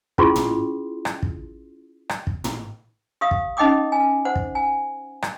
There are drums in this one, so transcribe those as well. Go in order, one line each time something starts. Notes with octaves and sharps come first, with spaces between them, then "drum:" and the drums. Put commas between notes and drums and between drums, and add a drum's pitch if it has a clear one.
C#4 E4 F4 G#4 C6 C#6, drum: kick
drum: tom
drum: rim click
drum: kick
drum: rim click
drum: kick
drum: tom
G4 E5 F5 D#6
drum: kick
C#4 D#4 D#5 G5 D6 D#6
G#5
C5 F#5
drum: kick
G#5
drum: rim click